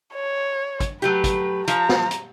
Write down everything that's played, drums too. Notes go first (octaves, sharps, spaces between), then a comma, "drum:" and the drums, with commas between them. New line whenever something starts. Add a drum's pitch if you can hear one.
C#5
drum: kick, hi-hat
F#3 A3 G4 B4
drum: kick, hi-hat
F3 A#5, drum: hi-hat
drum: snare
drum: hi-hat